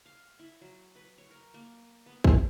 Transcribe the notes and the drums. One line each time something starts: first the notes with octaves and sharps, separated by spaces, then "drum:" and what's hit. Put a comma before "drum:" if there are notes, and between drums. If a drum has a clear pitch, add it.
F5
E4
F#3
B4
C#5
A#4
A#3
B3
G5, drum: kick